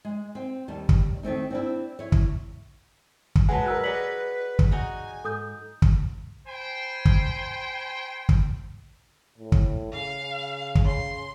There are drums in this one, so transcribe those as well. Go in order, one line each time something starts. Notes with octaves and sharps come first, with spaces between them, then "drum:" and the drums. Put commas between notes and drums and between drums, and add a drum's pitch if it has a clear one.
G#3
C4
D#2 G3 A5
drum: kick
D#3 A3 C4 D#4
C4 D4 E4
E4 C#5
drum: kick
drum: kick
F#3 G#3 B4 F#5 G#5 A5
F#4 A#4 E6 F#6
F#3 G#4 D5 D#5 B6 F#7
drum: kick
D#4 F#4 G#5
G#2 A4 D#6 G6
drum: kick
C5 G5 G#5 B5 C6
drum: kick
drum: kick
A2
drum: kick
C#3 F5
drum: kick
C#3 C6